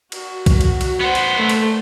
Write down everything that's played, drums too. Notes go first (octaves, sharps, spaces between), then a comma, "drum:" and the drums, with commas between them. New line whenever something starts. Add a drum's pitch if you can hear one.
F#4, drum: cymbal
drum: kick, cymbal
F#4, drum: cymbal
drum: cymbal
B3 C5 F#5
drum: cymbal
A3 A4
drum: cymbal